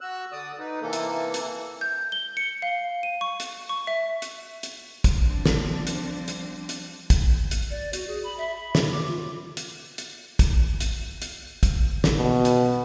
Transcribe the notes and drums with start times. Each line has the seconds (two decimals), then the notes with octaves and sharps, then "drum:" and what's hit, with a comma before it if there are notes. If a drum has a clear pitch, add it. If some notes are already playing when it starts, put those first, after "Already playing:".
0.01 F#4 E6 F#6
0.32 D3 D5 D#6
0.59 D#4 B4
0.82 C3 E3 A#3 A4
0.93 drum: hi-hat
1.34 drum: hi-hat
1.81 G6
2.12 G7
2.37 C#7
2.62 F5
3.03 D#7
3.21 C#6
3.40 drum: hi-hat
3.69 C#6
3.87 E5
4.22 drum: hi-hat
4.63 drum: hi-hat
5.04 drum: kick, hi-hat
5.20 F3 G3 C4 D4
5.46 drum: snare
5.87 drum: hi-hat
6.28 drum: hi-hat
6.69 drum: hi-hat
7.10 drum: kick, hi-hat
7.51 drum: hi-hat
7.70 D5
7.93 F#4, drum: hi-hat
8.08 G#4
8.23 B5
8.38 E5
8.55 B5
8.75 F#4, drum: snare
8.92 D6
9.08 F4
9.57 drum: hi-hat
9.98 drum: hi-hat
10.39 drum: kick, hi-hat
10.80 drum: hi-hat
11.22 drum: hi-hat
11.63 drum: kick, hi-hat
12.04 drum: snare
12.17 B2
12.45 drum: hi-hat